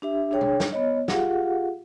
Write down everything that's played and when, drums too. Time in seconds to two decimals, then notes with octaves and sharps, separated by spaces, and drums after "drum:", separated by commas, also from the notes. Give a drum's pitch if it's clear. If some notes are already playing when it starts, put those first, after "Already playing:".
0.02 D4 G4 E5
0.31 D4 G#4 C#5 G5
0.41 drum: tom
0.60 drum: snare
0.72 B3 C#5 D#5
1.08 F4 G4 G#4 F5 F#5, drum: snare